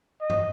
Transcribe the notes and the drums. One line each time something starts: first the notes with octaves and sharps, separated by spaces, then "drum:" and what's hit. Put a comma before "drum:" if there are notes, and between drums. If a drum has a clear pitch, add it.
D#5
drum: tom